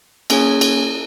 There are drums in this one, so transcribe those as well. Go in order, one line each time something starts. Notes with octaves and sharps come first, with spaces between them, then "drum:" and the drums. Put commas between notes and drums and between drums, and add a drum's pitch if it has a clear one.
A#3 C#4 G#4 C#5 G#5, drum: cymbal
drum: cymbal